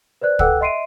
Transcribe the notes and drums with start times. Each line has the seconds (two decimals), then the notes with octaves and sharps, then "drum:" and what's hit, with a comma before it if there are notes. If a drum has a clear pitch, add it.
0.21 B4 C5 D5 F#6
0.39 A4 B4 F#5 G5 E6 F#6, drum: kick
0.61 D#5 E5 C6 C7 D7 D#7